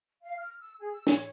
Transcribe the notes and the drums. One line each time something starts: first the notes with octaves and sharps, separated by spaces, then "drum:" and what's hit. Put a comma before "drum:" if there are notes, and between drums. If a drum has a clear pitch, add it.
F5
F6
E6
G#4
E6
C#5, drum: snare